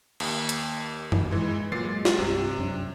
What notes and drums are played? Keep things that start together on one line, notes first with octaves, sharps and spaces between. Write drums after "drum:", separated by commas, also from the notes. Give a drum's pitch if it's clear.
D#2, drum: cymbal
drum: hi-hat
drum: tom F#2
E3 G#3
A#2 F#3 A6 C7
G#3
drum: snare
C2 G2 C3
F#2 C#4 D4